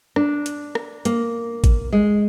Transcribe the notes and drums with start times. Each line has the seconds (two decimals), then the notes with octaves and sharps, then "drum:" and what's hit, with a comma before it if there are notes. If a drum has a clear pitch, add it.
0.16 D4, drum: rim click
0.46 drum: hi-hat
0.75 drum: rim click
1.05 A#3, drum: hi-hat
1.64 drum: kick, hi-hat
1.93 G#3